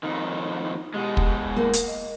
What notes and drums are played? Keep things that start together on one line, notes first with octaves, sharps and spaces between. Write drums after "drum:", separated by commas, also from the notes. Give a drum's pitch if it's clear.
F2 D#3 D#4
B2 G#3 G4
drum: kick
A#3 F#5
drum: hi-hat
D#5